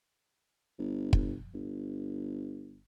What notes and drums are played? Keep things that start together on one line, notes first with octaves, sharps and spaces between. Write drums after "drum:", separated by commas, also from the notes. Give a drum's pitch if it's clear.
G1
drum: kick
G1